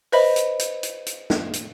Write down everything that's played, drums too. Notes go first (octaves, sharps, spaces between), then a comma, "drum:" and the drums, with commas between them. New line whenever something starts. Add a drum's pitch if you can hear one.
B4 C5 D#5 E5 B5, drum: open hi-hat
drum: hi-hat
drum: hi-hat
drum: hi-hat
drum: hi-hat
drum: snare
drum: hi-hat